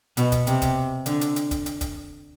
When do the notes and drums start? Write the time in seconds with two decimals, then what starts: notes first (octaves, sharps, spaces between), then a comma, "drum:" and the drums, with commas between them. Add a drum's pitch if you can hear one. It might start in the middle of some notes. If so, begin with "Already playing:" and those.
0.17 B2, drum: hi-hat
0.32 drum: kick, hi-hat
0.47 C3, drum: hi-hat
0.62 drum: kick, hi-hat
1.06 D3, drum: hi-hat
1.21 drum: hi-hat
1.36 drum: hi-hat
1.51 drum: kick, hi-hat
1.66 drum: hi-hat
1.81 drum: kick, hi-hat